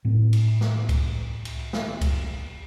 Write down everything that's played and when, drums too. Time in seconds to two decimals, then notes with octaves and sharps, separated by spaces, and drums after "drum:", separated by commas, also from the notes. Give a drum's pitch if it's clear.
0.05 A2 C4
0.33 drum: cymbal
0.61 drum: snare
0.89 drum: kick C2, cymbal
1.45 drum: cymbal
1.73 drum: snare
2.01 drum: kick C2, cymbal